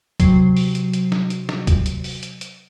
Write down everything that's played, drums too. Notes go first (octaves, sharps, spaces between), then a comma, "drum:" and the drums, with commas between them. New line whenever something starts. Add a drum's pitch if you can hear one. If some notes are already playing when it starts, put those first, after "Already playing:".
C3 F#3 C5 C7, drum: kick, hi-hat
drum: open hi-hat
drum: hi-hat
drum: hi-hat
drum: snare
drum: hi-hat
drum: snare
drum: kick, hi-hat
drum: hi-hat
drum: open hi-hat
drum: hi-hat
drum: hi-hat